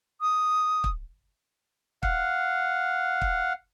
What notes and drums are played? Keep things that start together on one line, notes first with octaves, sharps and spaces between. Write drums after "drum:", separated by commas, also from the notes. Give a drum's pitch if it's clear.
D#6
drum: kick
F5 F#5, drum: kick
drum: kick